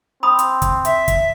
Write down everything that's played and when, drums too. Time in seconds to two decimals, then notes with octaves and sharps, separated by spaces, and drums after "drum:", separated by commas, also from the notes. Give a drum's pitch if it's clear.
0.23 C4 B5 D#6
0.39 drum: hi-hat
0.62 drum: kick, hi-hat
0.85 E5, drum: hi-hat
1.08 drum: kick, hi-hat